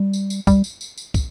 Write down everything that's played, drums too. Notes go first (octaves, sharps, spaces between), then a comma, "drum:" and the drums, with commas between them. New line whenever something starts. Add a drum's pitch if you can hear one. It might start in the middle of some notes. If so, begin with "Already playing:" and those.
Already playing: G3
drum: tambourine
drum: tambourine
G3, drum: kick, tambourine
drum: tambourine
drum: tambourine
drum: tambourine
drum: kick, tambourine